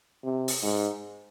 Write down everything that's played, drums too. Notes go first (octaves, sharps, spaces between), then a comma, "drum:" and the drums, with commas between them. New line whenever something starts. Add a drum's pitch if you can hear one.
C3
drum: open hi-hat
G#2